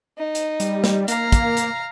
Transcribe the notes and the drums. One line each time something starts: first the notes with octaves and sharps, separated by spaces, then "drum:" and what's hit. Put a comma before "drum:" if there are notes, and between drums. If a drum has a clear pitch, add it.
D#4
drum: hi-hat
G3, drum: hi-hat
drum: snare
A#3 F5 A#5, drum: hi-hat
drum: kick, hi-hat
drum: hi-hat